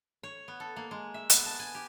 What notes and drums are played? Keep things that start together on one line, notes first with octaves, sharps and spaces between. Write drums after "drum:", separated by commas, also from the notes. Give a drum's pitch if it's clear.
C#5
B3
A4
A#3
G#3
E5
B3, drum: hi-hat
A5
G#5
G4